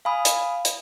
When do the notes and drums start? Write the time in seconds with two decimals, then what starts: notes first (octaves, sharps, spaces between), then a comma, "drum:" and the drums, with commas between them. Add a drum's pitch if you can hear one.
0.05 F5 G#5 B5 D#6
0.25 drum: hi-hat
0.65 drum: hi-hat